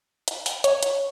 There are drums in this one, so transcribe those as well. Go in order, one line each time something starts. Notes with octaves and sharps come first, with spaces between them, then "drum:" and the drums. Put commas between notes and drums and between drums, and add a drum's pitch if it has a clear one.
drum: hi-hat
drum: open hi-hat
C#5, drum: hi-hat
drum: hi-hat